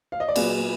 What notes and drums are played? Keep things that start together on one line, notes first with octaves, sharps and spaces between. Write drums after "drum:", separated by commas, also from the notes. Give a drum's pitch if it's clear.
F5
D#5
D5
A#2 F#3 B3 G#4 B4, drum: cymbal